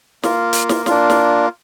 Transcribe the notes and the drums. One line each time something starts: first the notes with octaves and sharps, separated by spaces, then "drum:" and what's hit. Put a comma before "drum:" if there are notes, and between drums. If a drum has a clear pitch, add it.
A#3 F4, drum: snare
drum: hi-hat
drum: snare
A#3 D4 F4, drum: snare
drum: snare